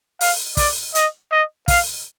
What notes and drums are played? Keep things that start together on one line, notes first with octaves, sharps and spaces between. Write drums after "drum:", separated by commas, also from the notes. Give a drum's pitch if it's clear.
F5, drum: open hi-hat
D5, drum: kick, open hi-hat
D#5, drum: hi-hat
D#5
F5, drum: kick, open hi-hat